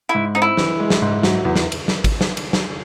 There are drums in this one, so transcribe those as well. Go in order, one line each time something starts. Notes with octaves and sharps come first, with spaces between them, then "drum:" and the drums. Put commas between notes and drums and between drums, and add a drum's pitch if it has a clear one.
E4
G#2
C4 D#4
E4
E3, drum: snare
G#3
drum: snare
G#2
F#3, drum: snare
E2
drum: snare
drum: cymbal
drum: snare
drum: kick, cymbal
drum: snare
drum: cymbal
drum: snare